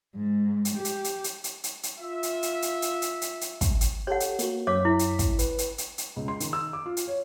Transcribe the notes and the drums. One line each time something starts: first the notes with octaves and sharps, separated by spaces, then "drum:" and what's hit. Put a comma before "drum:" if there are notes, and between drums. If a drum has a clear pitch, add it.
G#2
drum: hi-hat
G4
drum: hi-hat
drum: hi-hat
drum: hi-hat
drum: hi-hat
drum: hi-hat
drum: hi-hat
F4 E5
drum: hi-hat
drum: hi-hat
drum: hi-hat
drum: hi-hat
drum: hi-hat
drum: hi-hat
drum: hi-hat
drum: kick, hi-hat
drum: hi-hat
G4 A4 C#5 F#5
drum: hi-hat
A#3 F#4, drum: hi-hat
F#2 C#5 E5 D6 B6
E4
drum: hi-hat
drum: kick, hi-hat
B4, drum: hi-hat
drum: hi-hat
drum: hi-hat
drum: hi-hat
C#2
C6
D#3, drum: hi-hat
E6
D6
F4
drum: hi-hat
C#5